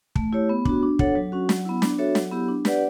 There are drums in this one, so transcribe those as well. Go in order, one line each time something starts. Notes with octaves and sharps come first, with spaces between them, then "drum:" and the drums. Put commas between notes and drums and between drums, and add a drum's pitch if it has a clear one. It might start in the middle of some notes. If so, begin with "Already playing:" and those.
A3, drum: kick
E4 G4 C#5
B3
D4 F#4, drum: kick
D4
A4 C#5 F#5, drum: kick
F#3
C#4 F#4
F#3, drum: snare
B3 E4
D4, drum: snare
F#4 A4 C#5 E5
F#3, drum: snare
B3 E4 G4
D4
G4 B4 D5 F#5, drum: snare